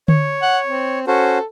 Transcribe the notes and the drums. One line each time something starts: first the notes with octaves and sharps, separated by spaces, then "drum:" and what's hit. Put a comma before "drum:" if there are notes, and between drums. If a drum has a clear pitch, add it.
C#5, drum: tom D3
F#5
C4
C#4 F#4 A4 C5